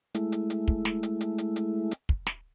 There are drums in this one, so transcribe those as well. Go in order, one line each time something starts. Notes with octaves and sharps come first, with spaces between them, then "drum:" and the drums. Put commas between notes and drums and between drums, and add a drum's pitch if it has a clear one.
G#3 A3 E4, drum: hi-hat
drum: hi-hat
drum: hi-hat
drum: kick
drum: snare
drum: hi-hat
drum: hi-hat
drum: hi-hat
drum: hi-hat
drum: hi-hat
drum: kick
drum: snare